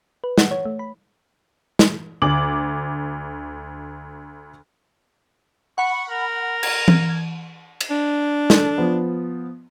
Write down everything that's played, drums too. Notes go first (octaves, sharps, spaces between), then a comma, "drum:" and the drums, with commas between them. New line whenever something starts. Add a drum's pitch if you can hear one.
B4
F#5, drum: snare
C#5
A3
B5
drum: snare
D2 D6 F#7
F#5 B5 C#6
A#4
G#6, drum: cymbal
drum: tom E3
drum: cymbal
D4
A4, drum: snare
F3 B3